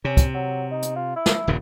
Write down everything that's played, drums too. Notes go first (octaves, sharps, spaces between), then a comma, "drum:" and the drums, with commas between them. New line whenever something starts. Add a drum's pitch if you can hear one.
C3 C#4
drum: kick, hi-hat
F#3
D#4
drum: hi-hat
F4
E4
drum: snare
D#1 G2 C#3